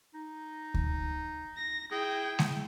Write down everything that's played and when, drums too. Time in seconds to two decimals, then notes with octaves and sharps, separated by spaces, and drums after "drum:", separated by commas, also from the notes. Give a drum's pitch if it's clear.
0.15 D#4
0.74 drum: kick D2
1.56 A#6
1.92 E4 G#4 G5
2.39 drum: snare G#3